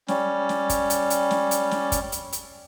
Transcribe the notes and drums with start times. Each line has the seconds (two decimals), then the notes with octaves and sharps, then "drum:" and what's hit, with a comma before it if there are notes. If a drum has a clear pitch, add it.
0.08 G3 C#4, drum: snare
0.49 drum: snare
0.69 drum: kick, hi-hat
0.90 drum: hi-hat
1.10 drum: hi-hat
1.31 drum: snare
1.51 drum: hi-hat
1.71 drum: snare
1.92 drum: kick, hi-hat
2.12 drum: hi-hat
2.33 drum: hi-hat